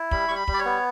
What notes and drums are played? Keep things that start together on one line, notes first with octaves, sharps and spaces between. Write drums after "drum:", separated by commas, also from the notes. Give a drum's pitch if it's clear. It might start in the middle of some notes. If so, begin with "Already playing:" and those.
Already playing: E4
G3 B5, drum: kick
G3 C#6
B5
G3, drum: kick
D5
C#5
B3